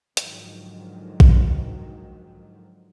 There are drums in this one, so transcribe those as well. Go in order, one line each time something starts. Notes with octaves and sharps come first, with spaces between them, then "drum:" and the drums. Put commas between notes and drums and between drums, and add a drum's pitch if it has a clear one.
G#2 D3 D#3 F3 F#3, drum: hi-hat
drum: kick A#1